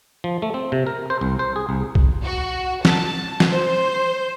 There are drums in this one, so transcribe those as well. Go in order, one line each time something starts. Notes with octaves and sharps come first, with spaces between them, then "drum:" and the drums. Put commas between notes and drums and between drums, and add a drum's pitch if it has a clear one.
F3
A3
C4
C3
A#4
C5
C2
C5
G#4
C2
drum: kick B1
F#4
A5, drum: snare
drum: snare
C5